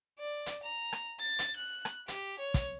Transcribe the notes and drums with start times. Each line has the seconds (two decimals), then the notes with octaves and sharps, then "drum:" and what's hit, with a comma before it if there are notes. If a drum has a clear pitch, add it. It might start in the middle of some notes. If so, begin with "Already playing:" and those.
0.19 D5
0.46 drum: hi-hat
0.63 A#5
0.92 drum: rim click
1.19 A6
1.39 drum: hi-hat
1.56 F#6
1.85 drum: rim click
2.08 G4, drum: hi-hat
2.39 C#5
2.54 drum: kick, hi-hat